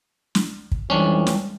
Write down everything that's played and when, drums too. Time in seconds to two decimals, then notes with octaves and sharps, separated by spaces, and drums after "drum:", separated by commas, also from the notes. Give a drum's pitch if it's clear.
0.35 drum: snare
0.72 drum: kick
0.90 F2 E3 G3 G#3 C#4 D4 G5
1.27 drum: snare